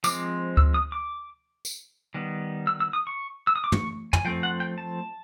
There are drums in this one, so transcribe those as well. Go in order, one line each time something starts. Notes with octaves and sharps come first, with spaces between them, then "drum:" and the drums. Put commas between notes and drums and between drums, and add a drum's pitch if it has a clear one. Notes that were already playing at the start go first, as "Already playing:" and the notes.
F3 G#3 C4 D6, drum: tambourine
E6, drum: kick D2
D#6
D6
drum: tambourine
D#3 G3 B3
E6
E6
D#6
C#6
E6
D#6
D6
C#6, drum: tom
G#5, drum: tom
F3 A3 C4 G5
F#5
G5
A5